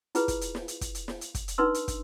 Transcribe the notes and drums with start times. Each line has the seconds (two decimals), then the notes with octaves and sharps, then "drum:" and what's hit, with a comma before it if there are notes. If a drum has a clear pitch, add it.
0.15 E4 F4 G#4 B4, drum: hi-hat
0.28 drum: kick, hi-hat
0.41 drum: hi-hat
0.55 drum: snare
0.68 drum: hi-hat
0.81 drum: kick, hi-hat
0.95 drum: hi-hat
1.08 drum: snare
1.21 drum: hi-hat
1.35 drum: kick, hi-hat
1.48 drum: hi-hat
1.58 D4 D#4 B4 C6 E6
1.74 drum: hi-hat
1.88 drum: kick, hi-hat